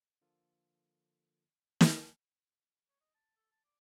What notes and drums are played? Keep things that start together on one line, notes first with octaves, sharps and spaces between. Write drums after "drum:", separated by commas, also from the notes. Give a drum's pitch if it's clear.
D3 F3 A#3 F4 A4
drum: snare
C#5
D#5
A5
A4
A5
D5